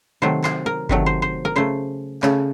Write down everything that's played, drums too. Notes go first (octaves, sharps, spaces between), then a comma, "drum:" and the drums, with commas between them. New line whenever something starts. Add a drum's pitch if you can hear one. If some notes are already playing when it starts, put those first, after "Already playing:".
C3 D#3 F#3 A3 C5
C5, drum: clap
A#4
C3 D#3 F#3 A3, drum: kick G1
C5
C5
A#4
C#3 A3 C5
C#3 A3, drum: clap